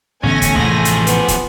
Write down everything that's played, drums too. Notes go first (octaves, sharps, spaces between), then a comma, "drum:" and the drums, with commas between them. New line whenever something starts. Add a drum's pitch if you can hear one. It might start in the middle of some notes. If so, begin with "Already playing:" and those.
A1 D3 A3 B3 C#4 G#5 A#6
drum: kick, hi-hat
A1 C3 F3 G#4
drum: hi-hat
B3, drum: hi-hat
drum: kick, hi-hat